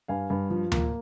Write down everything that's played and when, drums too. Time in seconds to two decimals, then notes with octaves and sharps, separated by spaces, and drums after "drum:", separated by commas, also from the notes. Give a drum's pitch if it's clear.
0.08 G2 F5 G#5
0.30 G2
0.50 F3
0.72 A#3, drum: tom D2